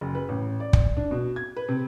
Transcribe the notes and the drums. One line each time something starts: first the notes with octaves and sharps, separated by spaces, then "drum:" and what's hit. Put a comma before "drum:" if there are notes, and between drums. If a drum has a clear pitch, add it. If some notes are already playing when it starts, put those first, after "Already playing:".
F#1
B4
A1
D5
drum: kick
D4
B2
G#6
B4
C3